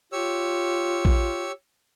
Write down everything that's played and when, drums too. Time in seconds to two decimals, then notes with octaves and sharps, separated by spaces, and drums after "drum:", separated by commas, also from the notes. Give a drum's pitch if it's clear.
0.12 F4 G4 C#5 E6
1.05 drum: kick A#1